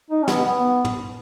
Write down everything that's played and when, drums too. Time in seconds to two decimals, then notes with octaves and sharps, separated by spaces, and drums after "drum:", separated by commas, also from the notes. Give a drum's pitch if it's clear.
0.11 D#4
0.23 C#4
0.28 B3, drum: snare
0.45 B3
0.85 drum: tom